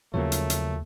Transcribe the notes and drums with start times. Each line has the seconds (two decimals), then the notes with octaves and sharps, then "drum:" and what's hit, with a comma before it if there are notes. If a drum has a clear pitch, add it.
0.14 D#2 C#3 F3 F#3 A3 A#3 C#5
0.32 drum: hi-hat
0.50 drum: hi-hat